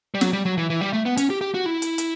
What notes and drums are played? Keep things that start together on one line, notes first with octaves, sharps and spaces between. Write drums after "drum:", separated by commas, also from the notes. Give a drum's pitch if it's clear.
G3
F#3, drum: snare
G3
F#3
E3
E3
G3
A3
B3
C#4, drum: hi-hat
G4
G4
F#4
E4
drum: hi-hat
drum: hi-hat